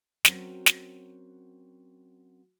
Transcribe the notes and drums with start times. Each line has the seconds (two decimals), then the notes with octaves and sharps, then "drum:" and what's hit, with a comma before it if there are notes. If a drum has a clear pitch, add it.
0.25 F#3 C4 C#4 F#4 A#4, drum: snare
0.66 drum: snare